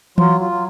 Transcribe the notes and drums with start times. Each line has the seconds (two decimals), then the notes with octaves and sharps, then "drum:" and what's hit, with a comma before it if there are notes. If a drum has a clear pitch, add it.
0.18 F#3 F4, drum: tom E3
0.40 F4
0.52 F#3